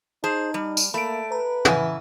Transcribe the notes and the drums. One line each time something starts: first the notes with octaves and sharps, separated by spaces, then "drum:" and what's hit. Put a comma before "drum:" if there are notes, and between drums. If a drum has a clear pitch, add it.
D#4 G#4 C5 A5
G3
drum: tambourine
A3 A#3 B5 D7
B4 A#5
C#3 E3 E5 F#5 G#5, drum: tom